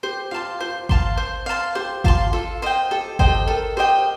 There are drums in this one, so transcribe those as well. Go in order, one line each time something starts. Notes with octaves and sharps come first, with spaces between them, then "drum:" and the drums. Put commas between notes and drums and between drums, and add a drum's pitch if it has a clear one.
G4 C5
F4 F5 A5 C6
F4 C5
F5 A5 C6, drum: kick G#1
C5
F5 A5 C6
G4 C5
F4 F5 A5 C6, drum: kick G#1
F4 A4
C5 D#5 G5
G4 A4
A4 C5 D#5 G5, drum: kick G#1
G4
A4
A4 A#4
G4 C5 D#5 G5